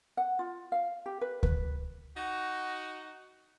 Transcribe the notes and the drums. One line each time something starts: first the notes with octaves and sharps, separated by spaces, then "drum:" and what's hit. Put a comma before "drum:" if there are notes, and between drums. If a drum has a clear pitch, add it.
F#5
F4
F5
G4
B4
B4, drum: kick D2
D#4 F#4